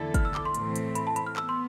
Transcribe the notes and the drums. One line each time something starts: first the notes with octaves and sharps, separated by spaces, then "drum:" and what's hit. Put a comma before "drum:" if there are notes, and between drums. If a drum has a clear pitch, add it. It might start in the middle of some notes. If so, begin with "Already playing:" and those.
Already playing: E2 D3 A3 E4 A4
F6, drum: kick, hi-hat
E6
D6, drum: clap
C6
A2 E3 A3 C4, drum: hi-hat
drum: hi-hat
B5, drum: hi-hat
A5
B5, drum: hi-hat
F6
B3 E6, drum: clap
C6